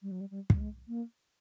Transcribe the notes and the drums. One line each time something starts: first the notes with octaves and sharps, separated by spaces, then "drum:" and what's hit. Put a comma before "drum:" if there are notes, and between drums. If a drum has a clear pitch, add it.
G3
F#3
G3
G3
G3, drum: kick
G#3
A#3